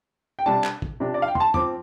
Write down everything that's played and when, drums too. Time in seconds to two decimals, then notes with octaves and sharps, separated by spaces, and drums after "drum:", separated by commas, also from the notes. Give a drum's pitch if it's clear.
0.39 G5
0.46 C3 G3 D4 A5
0.64 drum: clap
0.82 drum: kick
1.00 C3 F3 D4
1.14 D5
1.22 F5
1.28 G5
1.35 C6, drum: tom
1.40 A5
1.54 F3 C4 D6, drum: tom